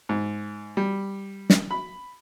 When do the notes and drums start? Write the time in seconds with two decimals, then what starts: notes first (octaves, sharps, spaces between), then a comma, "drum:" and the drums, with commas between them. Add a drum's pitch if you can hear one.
0.09 G#2
0.77 G3
1.50 drum: snare
1.71 B5